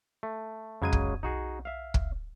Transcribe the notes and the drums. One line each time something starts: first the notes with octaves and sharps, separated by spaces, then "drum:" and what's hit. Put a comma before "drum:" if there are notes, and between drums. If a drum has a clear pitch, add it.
A3
F2 C#3 F#3 G#3 G#6 D#7
drum: kick
B1 D#4 F#4 G#4
E5 F5
drum: kick